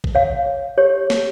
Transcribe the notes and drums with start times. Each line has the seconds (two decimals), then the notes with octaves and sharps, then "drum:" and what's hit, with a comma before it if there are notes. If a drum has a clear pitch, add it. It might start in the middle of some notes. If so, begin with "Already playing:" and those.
0.04 drum: kick
0.15 C#5 F5
0.46 C#5
0.78 G4 C#5
1.10 G4, drum: snare